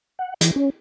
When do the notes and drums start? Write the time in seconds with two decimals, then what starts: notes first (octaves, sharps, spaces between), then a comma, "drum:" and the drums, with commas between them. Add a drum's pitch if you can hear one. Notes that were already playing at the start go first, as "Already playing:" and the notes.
0.19 F#5
0.41 E3, drum: hi-hat
0.56 C#4